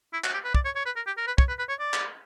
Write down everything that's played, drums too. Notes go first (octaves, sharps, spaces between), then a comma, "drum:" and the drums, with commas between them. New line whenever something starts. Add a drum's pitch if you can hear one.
E4
F#4, drum: clap
G4
B4
D5, drum: kick
C#5
C#5
B4
A#4
G4
A#4
B4
C#5, drum: kick
B4
B4
C#5
D5
drum: clap